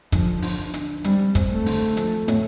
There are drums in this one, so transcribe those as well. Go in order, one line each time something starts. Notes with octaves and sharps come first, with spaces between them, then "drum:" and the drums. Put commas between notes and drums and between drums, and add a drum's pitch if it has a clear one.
D3 F3, drum: kick, hi-hat
D4, drum: open hi-hat
D4, drum: hi-hat
G3 C4, drum: hi-hat
C4, drum: kick, hi-hat
A3
D3, drum: open hi-hat
F3, drum: hi-hat
A2, drum: hi-hat